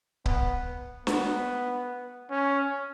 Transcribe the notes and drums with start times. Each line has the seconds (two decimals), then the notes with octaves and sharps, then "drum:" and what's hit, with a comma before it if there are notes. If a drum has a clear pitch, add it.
0.26 B3, drum: kick C#1
1.07 B3, drum: snare
2.30 C#4